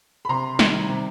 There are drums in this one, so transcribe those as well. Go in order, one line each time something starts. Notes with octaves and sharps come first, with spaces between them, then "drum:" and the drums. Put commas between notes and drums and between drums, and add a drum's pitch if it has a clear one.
B5
C3 A#5 C6
D#3 G3, drum: snare
C3